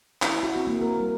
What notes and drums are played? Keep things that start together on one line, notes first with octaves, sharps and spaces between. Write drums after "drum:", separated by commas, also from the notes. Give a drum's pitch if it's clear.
E4, drum: clap
F#4
C4
A#3
A#4
G3